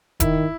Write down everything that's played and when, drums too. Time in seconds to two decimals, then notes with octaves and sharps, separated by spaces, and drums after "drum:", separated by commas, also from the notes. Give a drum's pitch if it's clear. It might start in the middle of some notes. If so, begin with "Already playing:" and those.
0.20 D#3 E4, drum: kick E1, hi-hat